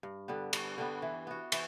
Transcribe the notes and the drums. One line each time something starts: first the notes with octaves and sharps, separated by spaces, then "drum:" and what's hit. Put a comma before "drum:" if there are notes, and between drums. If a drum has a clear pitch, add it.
G2
D3 G3 B3
G2, drum: cymbal
D3 G3 B3
E3
B3 F#4
E3, drum: cymbal